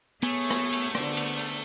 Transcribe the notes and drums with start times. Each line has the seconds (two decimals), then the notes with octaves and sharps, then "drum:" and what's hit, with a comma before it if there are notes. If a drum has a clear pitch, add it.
0.23 A3 B3 G#4 C#5 G#5
0.50 drum: rim click
0.73 drum: cymbal
0.95 D3 B3 C5 D5, drum: rim click
1.17 drum: cymbal
1.39 drum: cymbal